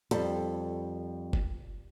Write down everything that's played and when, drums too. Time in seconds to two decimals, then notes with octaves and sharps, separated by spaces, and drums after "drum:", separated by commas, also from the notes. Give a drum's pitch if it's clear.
0.11 F2 G3 A4, drum: hi-hat
1.33 drum: kick F#1